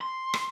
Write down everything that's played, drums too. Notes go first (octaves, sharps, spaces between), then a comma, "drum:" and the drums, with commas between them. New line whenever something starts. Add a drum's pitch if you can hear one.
C6
drum: rim click